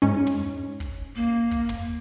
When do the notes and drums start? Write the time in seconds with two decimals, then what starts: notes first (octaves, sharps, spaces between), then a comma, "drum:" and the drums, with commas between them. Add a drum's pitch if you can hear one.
0.02 G#2 C#4
0.27 drum: tom
0.44 drum: open hi-hat
0.80 drum: kick, open hi-hat
1.16 A#3, drum: open hi-hat
1.51 drum: kick, open hi-hat
1.69 drum: tom